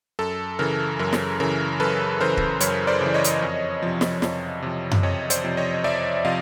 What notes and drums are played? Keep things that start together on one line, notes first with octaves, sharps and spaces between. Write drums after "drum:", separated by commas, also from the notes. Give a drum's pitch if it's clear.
F#2 A4
C#3 E3 A#4
F#2 A#4
drum: snare
C#3 E3 A#4
F#2 A4 B4
C#3 E3 A#4 C5
drum: kick
F#2 B4 C#5, drum: hi-hat
C5 D5
C#3
E3
C#5 D#5
drum: hi-hat
F2
C3 F3
drum: snare
F2, drum: snare
C3 F3
drum: tom F#2
F2 C#5 D#5
C5 D5, drum: hi-hat
C3 F3
C#5 D#5
F2 D5 E5
C3 F3 D#5 F5